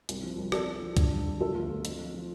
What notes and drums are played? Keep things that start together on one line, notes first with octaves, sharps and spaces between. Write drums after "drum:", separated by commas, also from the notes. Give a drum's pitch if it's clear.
C2, drum: hi-hat
F3
C2
F3 A4 D5, drum: rim click
F3
F3
D3, drum: kick, hi-hat
G2
D3
F3 F4 A4
D2 F4
D2 F4
F2, drum: hi-hat
F3
F3